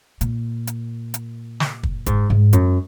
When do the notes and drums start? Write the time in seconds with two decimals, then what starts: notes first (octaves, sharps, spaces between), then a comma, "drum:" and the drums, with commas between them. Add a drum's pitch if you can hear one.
0.21 A#2, drum: hi-hat
0.67 drum: hi-hat
1.14 drum: hi-hat
1.60 drum: snare
1.83 drum: kick
2.06 G#2, drum: kick, hi-hat
2.30 G#2
2.53 F#2, drum: hi-hat